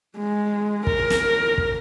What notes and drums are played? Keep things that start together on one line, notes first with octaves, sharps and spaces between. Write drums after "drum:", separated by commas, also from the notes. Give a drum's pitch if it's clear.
G#3
A#4, drum: kick
drum: snare
drum: kick